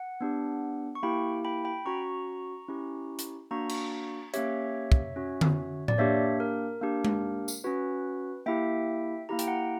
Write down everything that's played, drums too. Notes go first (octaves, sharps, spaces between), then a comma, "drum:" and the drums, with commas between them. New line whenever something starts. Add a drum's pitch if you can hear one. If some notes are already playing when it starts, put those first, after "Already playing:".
Already playing: F#5
B3 D4 G4
C#6
A#3 E4 G4 G5 B5
G5 B5
G5 B5
C#4 F#4 A#5 C#6
C#4 E4 G4
drum: hi-hat
A#3 D4 F#4 A#5 C#6
drum: cymbal
A#3 C#4 G4 C#5 E5, drum: hi-hat
drum: kick
C#4 F#4
drum: tom D3
D5, drum: tom A2
A#3 D4 G4 C#5 E5
A#4
A#3 D4 G4
drum: tom G#3
drum: tambourine
C#4 F#4 B4
A#3 E4 G4 E5 G5
A#3 E4 G4 A#5
G5, drum: hi-hat
F#5 A#5